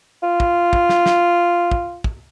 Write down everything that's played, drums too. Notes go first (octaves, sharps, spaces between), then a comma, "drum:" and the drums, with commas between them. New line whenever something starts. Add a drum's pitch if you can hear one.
F4
drum: kick
drum: kick
drum: snare
drum: snare
drum: kick
drum: kick